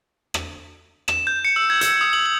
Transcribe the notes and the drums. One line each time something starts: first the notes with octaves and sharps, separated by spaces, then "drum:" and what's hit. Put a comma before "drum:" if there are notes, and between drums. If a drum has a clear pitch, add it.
drum: rim click
E7, drum: rim click
G6
C#7
E6
G#6
E6, drum: hi-hat
D#6
F#7
F#7